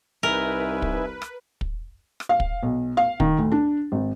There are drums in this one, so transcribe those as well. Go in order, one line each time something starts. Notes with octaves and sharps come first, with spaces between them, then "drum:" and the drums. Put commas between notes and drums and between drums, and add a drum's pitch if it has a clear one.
C2 D#4 A#4 B4 E5 G#5
drum: kick
drum: rim click
drum: kick
drum: rim click
F5
drum: kick
B1
F5
D#3, drum: kick
D2
D4
G#1